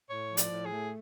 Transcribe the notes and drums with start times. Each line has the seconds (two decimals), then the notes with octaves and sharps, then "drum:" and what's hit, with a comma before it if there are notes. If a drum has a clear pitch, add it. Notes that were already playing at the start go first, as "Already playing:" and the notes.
0.10 A2 C#5
0.30 F3
0.37 D5, drum: hi-hat
0.51 A2
0.65 G#4
0.73 A3